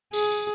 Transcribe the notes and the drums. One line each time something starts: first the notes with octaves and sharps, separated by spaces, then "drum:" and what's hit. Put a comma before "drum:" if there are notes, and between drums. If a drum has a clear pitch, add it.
G#4, drum: tambourine
drum: tambourine